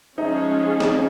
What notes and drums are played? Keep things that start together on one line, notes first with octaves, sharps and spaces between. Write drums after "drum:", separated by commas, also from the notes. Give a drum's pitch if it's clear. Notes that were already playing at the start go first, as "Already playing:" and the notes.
F3 G#3 C#4 D#4 G#4
D#4, drum: snare